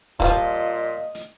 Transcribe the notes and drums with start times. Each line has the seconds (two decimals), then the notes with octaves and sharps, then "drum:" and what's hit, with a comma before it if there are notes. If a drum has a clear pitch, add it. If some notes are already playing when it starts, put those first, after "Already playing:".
0.20 A#2 F3 G3 A#3 F4 D#5, drum: kick
1.15 drum: hi-hat